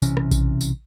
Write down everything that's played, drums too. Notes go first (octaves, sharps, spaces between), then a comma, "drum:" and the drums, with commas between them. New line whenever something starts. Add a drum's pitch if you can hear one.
B1 C3 E3 C#4, drum: tambourine
drum: rim click
drum: kick A#1, tambourine
drum: tambourine